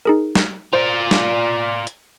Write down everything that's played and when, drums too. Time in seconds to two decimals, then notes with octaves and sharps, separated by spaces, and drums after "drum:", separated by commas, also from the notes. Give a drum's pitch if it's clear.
0.05 D#4 G#4 A#4
0.35 drum: snare
0.73 F4 C5 D5
1.11 drum: snare
1.87 drum: hi-hat